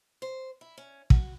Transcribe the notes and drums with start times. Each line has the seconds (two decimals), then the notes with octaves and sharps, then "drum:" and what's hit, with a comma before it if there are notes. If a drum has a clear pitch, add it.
0.22 C5
0.61 E4
0.78 C#4
1.10 F#4, drum: kick